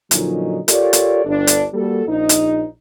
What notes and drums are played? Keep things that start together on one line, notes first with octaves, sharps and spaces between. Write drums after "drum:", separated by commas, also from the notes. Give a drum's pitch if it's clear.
A#2 D3 F3 F#3 C#4 D#4, drum: hi-hat
F4 G4 A4 A#4 C#5 D5, drum: hi-hat
drum: hi-hat
G1 D4
drum: hi-hat
G3 A#3 F#4 A4
A#1 D#4
drum: hi-hat